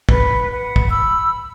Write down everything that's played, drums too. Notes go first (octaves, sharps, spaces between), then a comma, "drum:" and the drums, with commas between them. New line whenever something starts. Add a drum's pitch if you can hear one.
B4 F#5, drum: kick
B4 F#5
drum: kick
B5 E6